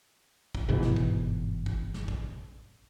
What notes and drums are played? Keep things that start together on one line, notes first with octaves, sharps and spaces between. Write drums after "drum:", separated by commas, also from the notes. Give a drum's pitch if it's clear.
drum: kick
G1 G#2 B2 E3
drum: snare
drum: kick
drum: kick
drum: snare
drum: kick